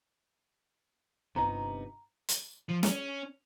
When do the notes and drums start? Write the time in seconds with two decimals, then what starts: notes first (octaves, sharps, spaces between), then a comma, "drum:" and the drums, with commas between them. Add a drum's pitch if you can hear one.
1.36 G1 C3 B3 D4 D#4 A#5
2.29 drum: hi-hat
2.69 F3
2.83 C#4, drum: snare